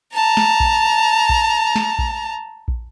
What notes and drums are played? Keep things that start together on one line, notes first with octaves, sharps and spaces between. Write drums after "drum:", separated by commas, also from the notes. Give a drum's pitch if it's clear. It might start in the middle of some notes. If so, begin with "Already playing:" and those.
A5 A#5
drum: snare
drum: kick A#1
drum: kick A#1
drum: snare
drum: kick A#1
drum: kick A#1